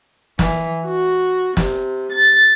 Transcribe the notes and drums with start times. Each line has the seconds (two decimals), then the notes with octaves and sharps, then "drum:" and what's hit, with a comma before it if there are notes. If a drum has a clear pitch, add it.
0.39 E3, drum: snare
0.86 F#4
1.57 C3, drum: snare
2.10 A6